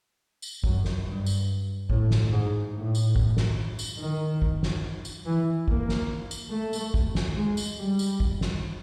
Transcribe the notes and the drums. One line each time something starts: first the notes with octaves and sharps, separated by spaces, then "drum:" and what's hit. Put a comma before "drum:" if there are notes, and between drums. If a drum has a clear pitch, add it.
drum: tambourine
F#2, drum: kick
drum: snare
G2
drum: tambourine
A2, drum: kick
drum: snare
G#2
A2
drum: tambourine
drum: kick
drum: snare
drum: tambourine
D#3
drum: kick
drum: snare
drum: tambourine
E3
A#3, drum: kick
drum: snare
drum: tambourine
A3
drum: tambourine
drum: kick
drum: snare
G#3
drum: tambourine
G3
drum: tambourine
drum: kick
drum: snare